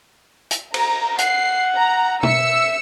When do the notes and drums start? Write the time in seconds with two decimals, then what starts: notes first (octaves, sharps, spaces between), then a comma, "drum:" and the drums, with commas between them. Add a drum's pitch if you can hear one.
0.51 drum: hi-hat
0.74 A#5, drum: cymbal
1.18 F#5 C7, drum: hi-hat
1.76 A#5
2.23 E5 E6 C#7, drum: tom B2